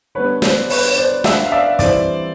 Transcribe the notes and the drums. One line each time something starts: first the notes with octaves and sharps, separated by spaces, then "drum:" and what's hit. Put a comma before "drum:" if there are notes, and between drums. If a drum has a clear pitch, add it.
D3 G3 B3 B4 C#5
C5 D5, drum: snare
B4 C#5, drum: open hi-hat
C#5
C5 D5
E5 F#5, drum: snare
F5
D5 E5
E3 G3 C4 E4 C5 D5, drum: kick, hi-hat